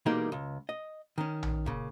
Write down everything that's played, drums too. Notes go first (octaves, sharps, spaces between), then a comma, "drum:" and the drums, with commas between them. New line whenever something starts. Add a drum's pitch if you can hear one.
B2 E3 G3 G#3 A#3 D#4
C#2
D#5
D#3 C#4
drum: tom A#1
A#2 C#3, drum: kick